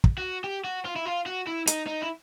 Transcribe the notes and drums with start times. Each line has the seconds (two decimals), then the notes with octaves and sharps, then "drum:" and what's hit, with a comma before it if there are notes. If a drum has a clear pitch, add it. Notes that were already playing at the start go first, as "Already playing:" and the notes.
0.04 drum: kick
0.18 F#4
0.44 G4
0.64 F#4
0.85 F4
0.96 E4
1.06 F4
1.26 F#4
1.47 E4
1.67 D#4, drum: hi-hat
1.87 D#4
2.03 E4